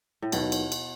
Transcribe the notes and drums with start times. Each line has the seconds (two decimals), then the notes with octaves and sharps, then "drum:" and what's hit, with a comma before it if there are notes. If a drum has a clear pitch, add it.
0.22 A2
0.32 D#2 B2 D#3 F#3 B3, drum: cymbal
0.52 drum: cymbal
0.72 drum: cymbal